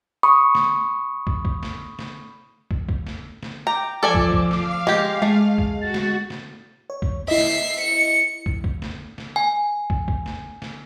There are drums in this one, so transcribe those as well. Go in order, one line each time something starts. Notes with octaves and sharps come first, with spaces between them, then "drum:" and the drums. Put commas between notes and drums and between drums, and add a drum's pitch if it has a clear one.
B5 C#6 D#6
drum: snare
drum: kick
drum: kick
drum: snare
drum: snare
drum: kick
drum: kick
drum: snare
drum: snare
G5 A#5 D6
F3 A4 D5 G#5 E6
drum: kick
drum: kick
F5, drum: snare
G#3 G4, drum: snare
G#3 A3
drum: kick
F#4 A6
drum: snare
drum: snare
C#5
drum: kick
E4 D#5 E5 C7
drum: snare
C#7
drum: kick
drum: kick
drum: snare
drum: snare
G#5
drum: kick
drum: kick
drum: snare
drum: snare